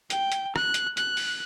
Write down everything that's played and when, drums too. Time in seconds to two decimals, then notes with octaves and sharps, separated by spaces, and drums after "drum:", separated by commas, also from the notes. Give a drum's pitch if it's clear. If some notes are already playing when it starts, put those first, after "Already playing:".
0.10 G5, drum: hi-hat
0.32 drum: hi-hat
0.56 F#6, drum: rim click
0.74 drum: hi-hat
0.97 F#6, drum: hi-hat
1.17 drum: open hi-hat